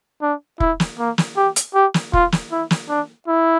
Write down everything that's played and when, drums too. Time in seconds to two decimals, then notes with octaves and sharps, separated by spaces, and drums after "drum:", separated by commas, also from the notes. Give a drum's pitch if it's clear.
0.22 D4
0.60 E4, drum: kick
0.80 drum: snare
0.99 A#3
1.18 drum: snare
1.37 G4
1.56 drum: hi-hat
1.75 G4
1.94 drum: snare
2.13 F4, drum: kick
2.32 drum: snare
2.52 E4
2.71 drum: snare
2.89 D4
3.28 E4